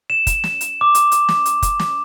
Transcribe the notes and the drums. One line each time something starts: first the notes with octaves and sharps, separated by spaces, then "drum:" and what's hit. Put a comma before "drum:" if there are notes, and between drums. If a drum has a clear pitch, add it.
E7
drum: kick, hi-hat
drum: snare
drum: hi-hat
D6
drum: hi-hat
drum: hi-hat
drum: snare
drum: hi-hat
drum: kick, hi-hat
drum: snare